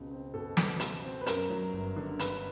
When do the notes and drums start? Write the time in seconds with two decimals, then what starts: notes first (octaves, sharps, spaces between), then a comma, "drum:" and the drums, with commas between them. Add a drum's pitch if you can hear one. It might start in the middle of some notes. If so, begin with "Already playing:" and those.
Already playing: C#2 B2 C4
0.11 C4
0.34 B2 A4
0.57 B2, drum: snare
0.80 B2, drum: hi-hat
1.04 C4
1.21 B4
1.26 F#2 A#4, drum: hi-hat
1.50 F#3
1.73 G1
1.96 D3
2.19 D3 B4, drum: hi-hat